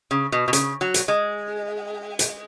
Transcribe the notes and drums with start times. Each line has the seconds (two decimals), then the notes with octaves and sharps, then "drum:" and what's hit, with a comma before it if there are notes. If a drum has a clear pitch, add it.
0.11 C#3
0.32 B2
0.48 B2
0.53 C#3, drum: hi-hat
0.81 F#3
0.94 drum: hi-hat
1.08 G#3
2.19 drum: hi-hat